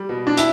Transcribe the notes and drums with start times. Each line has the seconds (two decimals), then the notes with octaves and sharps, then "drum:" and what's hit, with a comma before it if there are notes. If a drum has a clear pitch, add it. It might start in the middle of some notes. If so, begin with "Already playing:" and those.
Already playing: G3
0.09 B2
0.27 D4
0.37 E4, drum: hi-hat